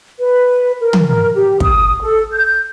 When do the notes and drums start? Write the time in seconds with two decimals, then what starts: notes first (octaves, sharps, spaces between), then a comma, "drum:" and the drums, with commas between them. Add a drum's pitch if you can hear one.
0.19 B4
0.80 A#4
0.93 drum: tom
1.06 A#4
1.34 G4
1.60 D#6, drum: kick
2.01 A4
2.32 G6